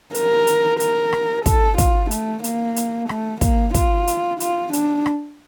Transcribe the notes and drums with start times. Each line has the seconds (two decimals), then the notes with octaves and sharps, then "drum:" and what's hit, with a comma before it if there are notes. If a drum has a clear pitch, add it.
0.14 A#4, drum: hi-hat
0.47 drum: hi-hat
0.80 A#4, drum: hi-hat
1.13 drum: rim click
1.46 A4, drum: kick, hi-hat
1.78 F4, drum: kick, hi-hat
2.11 A3, drum: hi-hat
2.44 A#3, drum: hi-hat
2.76 drum: hi-hat
3.09 A3, drum: rim click
3.41 A#3, drum: kick, hi-hat
3.74 F4, drum: kick, hi-hat
4.07 drum: hi-hat
4.40 F4, drum: hi-hat
4.73 D4, drum: hi-hat
5.06 drum: rim click